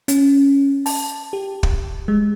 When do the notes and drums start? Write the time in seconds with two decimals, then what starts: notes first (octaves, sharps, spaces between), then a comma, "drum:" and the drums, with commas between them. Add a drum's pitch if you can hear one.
0.08 C#4, drum: hi-hat
0.86 A5, drum: open hi-hat
1.33 G4
1.63 drum: kick
2.08 G#3